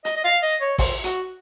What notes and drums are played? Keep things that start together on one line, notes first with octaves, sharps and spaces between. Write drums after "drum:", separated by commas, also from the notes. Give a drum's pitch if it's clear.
D#5, drum: hi-hat
D#5
F5
D#5
C#5
C5, drum: kick A1, open hi-hat
F#4, drum: hi-hat